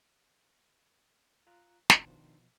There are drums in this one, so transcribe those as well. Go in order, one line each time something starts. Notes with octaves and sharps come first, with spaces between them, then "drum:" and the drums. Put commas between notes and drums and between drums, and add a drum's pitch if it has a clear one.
F4 A#5 F#6
F2 A2 D#3 D4 C5, drum: snare
B2 F3